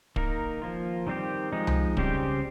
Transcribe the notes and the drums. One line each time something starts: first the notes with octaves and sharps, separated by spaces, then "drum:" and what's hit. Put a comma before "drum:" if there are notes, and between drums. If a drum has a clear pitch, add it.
D#3 A#3 D#4 A#4, drum: kick
F3 A#3 F4
D#3 G3 C4 G4
F3 G#3 D#4
drum: tom C2
C#3 G3 C4 G4 C5, drum: kick